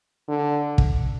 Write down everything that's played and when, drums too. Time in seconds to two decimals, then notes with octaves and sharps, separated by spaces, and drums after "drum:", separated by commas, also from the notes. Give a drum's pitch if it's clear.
0.28 D3
0.78 drum: kick